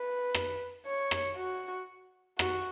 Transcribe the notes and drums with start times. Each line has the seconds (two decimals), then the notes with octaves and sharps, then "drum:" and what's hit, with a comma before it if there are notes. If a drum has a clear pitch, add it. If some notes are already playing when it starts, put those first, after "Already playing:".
Already playing: B4
0.35 drum: rim click
0.86 C#5
1.11 drum: rim click
1.36 F#4
2.39 F#4, drum: rim click